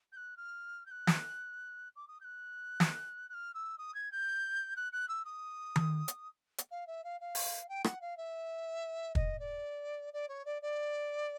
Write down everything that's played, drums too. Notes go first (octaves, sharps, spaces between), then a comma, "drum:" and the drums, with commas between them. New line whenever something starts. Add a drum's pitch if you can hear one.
G6
F#6
F6
G6
F#6
drum: snare
D6
D#6
G6
F#6
drum: snare
F#6
F6
E6
D#6
G#6
G6
F#6
F#6
E6
D#6
drum: tom D#3
drum: hi-hat
drum: hi-hat
F5
E5
F5
F5
drum: open hi-hat
G5
F#5, drum: rim click
F5
E5
D#5, drum: kick
D5
D5
C#5
D5
D5